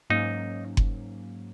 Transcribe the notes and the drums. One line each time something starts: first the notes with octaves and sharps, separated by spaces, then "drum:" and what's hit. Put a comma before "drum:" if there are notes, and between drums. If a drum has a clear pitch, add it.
G#2 F#3 A#3 C#4 D#4
drum: kick F#1